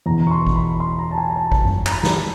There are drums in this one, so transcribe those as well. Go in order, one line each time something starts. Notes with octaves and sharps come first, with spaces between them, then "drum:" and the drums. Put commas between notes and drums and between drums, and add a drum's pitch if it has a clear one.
E2 B2 A#5
C#6
C6
drum: kick G#1
B5
C6
A#5
A5
G#5
A#5
A5
drum: kick G#1
drum: tom F#2
A#5, drum: clap
B5
drum: snare